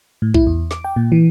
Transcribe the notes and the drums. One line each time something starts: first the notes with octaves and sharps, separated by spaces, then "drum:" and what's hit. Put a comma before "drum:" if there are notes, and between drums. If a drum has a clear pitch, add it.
A2
E4, drum: kick A#1
E2
D6, drum: snare
G5
A#2
E3